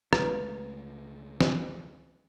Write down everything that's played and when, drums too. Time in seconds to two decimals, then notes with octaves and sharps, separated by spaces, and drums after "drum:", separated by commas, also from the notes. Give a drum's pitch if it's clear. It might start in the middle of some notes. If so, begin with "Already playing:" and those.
0.13 C#2 G#3 A3 B4, drum: rim click
1.40 drum: snare